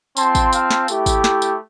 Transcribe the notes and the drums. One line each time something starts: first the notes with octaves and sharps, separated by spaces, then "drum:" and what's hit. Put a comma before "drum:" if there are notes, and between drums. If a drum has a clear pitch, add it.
C4 F4 A5 C6, drum: tambourine
drum: kick G#1, tambourine
F5 A5, drum: tambourine
drum: snare
A3 E4 G4, drum: tambourine
drum: kick G#1, tambourine
drum: snare
drum: tambourine